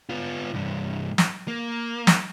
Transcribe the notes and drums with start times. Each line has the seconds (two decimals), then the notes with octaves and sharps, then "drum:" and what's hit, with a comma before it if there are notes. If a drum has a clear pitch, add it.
0.09 B3 F4
0.54 C2 G2
1.18 drum: snare
1.48 A#3
2.07 drum: snare